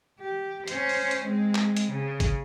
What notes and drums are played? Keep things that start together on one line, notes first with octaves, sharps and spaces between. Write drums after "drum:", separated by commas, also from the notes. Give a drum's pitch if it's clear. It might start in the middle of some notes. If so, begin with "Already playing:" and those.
G4
C#4 C5, drum: hi-hat
drum: open hi-hat
drum: hi-hat
G#3 C4
drum: clap
drum: hi-hat
C#3
drum: kick, hi-hat